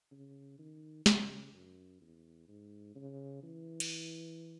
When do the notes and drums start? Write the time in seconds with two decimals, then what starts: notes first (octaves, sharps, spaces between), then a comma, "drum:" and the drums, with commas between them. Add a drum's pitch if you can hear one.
0.11 C#3
0.59 D#3
1.06 C#3, drum: snare
1.53 F#2
2.01 E2
2.48 G#2
2.95 C#3
3.43 E3
3.80 drum: cymbal